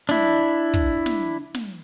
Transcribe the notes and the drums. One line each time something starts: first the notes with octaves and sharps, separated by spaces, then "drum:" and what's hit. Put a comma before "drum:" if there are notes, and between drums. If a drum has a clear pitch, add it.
D4 E4, drum: snare
drum: kick
drum: snare
drum: snare